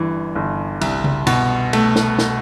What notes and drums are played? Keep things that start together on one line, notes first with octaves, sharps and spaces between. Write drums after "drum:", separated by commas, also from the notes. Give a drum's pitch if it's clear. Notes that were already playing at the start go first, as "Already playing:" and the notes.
Already playing: G1 G2 E3
G1
C2, drum: cymbal
drum: tom C#3
B2, drum: cymbal
A3, drum: cymbal
drum: snare
drum: snare